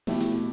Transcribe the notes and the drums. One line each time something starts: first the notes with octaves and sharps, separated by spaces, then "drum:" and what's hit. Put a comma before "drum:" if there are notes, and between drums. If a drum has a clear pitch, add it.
B2 A3 E4 G4, drum: snare
drum: hi-hat